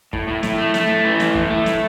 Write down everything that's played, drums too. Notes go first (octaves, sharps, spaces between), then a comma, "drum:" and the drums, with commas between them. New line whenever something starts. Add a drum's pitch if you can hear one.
A2, drum: kick
A2
A2, drum: snare
A3
A3, drum: snare
A2
E3
A2, drum: snare
A2, drum: kick
A3
A2, drum: snare